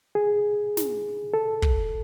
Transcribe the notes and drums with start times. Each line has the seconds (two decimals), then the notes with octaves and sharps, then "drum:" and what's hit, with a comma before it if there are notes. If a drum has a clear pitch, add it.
0.15 G#4
0.77 drum: snare
1.34 A4
1.62 drum: kick